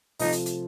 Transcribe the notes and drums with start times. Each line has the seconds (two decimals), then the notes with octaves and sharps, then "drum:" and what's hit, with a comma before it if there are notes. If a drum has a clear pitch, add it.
0.19 C3 F3 A3 C4 D#4 F4, drum: open hi-hat
0.32 drum: hi-hat
0.46 drum: hi-hat